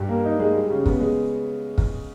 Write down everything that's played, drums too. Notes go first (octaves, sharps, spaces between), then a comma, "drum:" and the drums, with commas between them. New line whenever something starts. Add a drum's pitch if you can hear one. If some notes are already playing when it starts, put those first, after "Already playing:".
Already playing: G2 G3
A#3
D#4
G#3
G3
C#3
B3, drum: kick
G#3
drum: kick